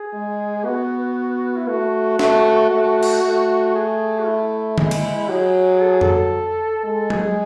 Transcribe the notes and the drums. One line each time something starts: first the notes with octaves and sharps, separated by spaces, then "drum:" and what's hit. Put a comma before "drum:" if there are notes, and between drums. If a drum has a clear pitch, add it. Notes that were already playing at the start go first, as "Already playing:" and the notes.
Already playing: G#4
G#3
B3 F#4
E4
A3 F#4
A3, drum: snare
A3
drum: cymbal
A3
G#4
F#4
E4
G#3, drum: tom D3
drum: cymbal
F#3 G#4
A4
G#4
A4, drum: tom F2
G#3 A4
G#4, drum: tom F#3